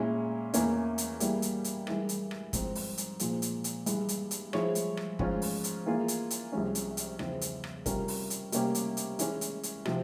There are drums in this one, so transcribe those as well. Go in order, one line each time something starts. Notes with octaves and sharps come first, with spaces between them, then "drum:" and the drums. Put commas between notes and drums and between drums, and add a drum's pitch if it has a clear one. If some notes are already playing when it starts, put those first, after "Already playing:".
Already playing: A#2 G#3 C#4 E4
E2 E3 A#3 C#4 E4, drum: hi-hat
drum: hi-hat
E3 G3 A#3 E4 G#4, drum: hi-hat
drum: hi-hat
drum: hi-hat
G2 E3 G#3 E4 A#4, drum: rim click
drum: hi-hat
drum: rim click
G#2 F3 C4, drum: kick, hi-hat
drum: open hi-hat
drum: hi-hat
A#2 F3 G#3, drum: hi-hat
drum: hi-hat
drum: hi-hat
G2 E3 G#3, drum: hi-hat
drum: hi-hat
drum: hi-hat
F3 G#3 E4 G#4 C#5, drum: rim click
drum: hi-hat
drum: rim click
G#2 F3 G#3 C#4 F4, drum: kick
drum: open hi-hat
drum: hi-hat
E3 A#3 F4 G#4
drum: hi-hat
drum: hi-hat
C2 C3 F3 G#3 C#4
drum: hi-hat
drum: hi-hat
E2 C#3 F3 C4 E4, drum: rim click
drum: hi-hat
drum: rim click
C3 G3 C#4 F4 A#4, drum: kick, hi-hat
drum: open hi-hat
drum: hi-hat
C3 G3 A#3 C#4 G4, drum: hi-hat
drum: hi-hat
drum: hi-hat
E3 G#3 C#4, drum: hi-hat
drum: hi-hat
drum: hi-hat
C3 F3, drum: rim click